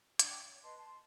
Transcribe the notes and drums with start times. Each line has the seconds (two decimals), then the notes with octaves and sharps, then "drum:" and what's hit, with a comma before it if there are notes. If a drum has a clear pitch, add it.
0.19 D4 G5 D6 G#6, drum: hi-hat
0.48 C#5
0.63 B4 D#5 A5 C6
0.77 A5 C6